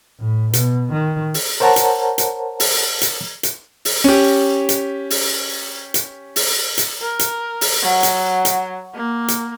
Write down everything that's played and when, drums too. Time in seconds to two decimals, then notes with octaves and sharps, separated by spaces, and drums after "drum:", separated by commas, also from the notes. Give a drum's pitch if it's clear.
0.20 A2
0.53 B2, drum: hi-hat
0.92 D#3
1.34 drum: open hi-hat
1.60 A#4 C5 C#5 F#5 A5 A#5
1.76 drum: hi-hat
2.18 drum: hi-hat
2.60 drum: open hi-hat
3.01 drum: hi-hat
3.43 drum: hi-hat
3.85 drum: open hi-hat
4.04 C#4 G4
4.69 drum: hi-hat
5.10 drum: open hi-hat
5.94 drum: hi-hat
6.36 drum: open hi-hat
6.78 drum: hi-hat
7.02 A#4
7.19 drum: hi-hat
7.61 drum: open hi-hat
7.82 F#3
8.03 drum: hi-hat
8.45 drum: hi-hat
8.94 A#3
9.28 drum: hi-hat